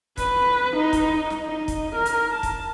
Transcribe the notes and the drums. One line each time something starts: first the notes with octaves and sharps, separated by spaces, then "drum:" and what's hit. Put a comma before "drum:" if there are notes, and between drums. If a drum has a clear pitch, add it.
B4, drum: kick, hi-hat
D#4
drum: kick, hi-hat
drum: snare
D#4
drum: kick, hi-hat
A#4
drum: hi-hat
A5
drum: kick, hi-hat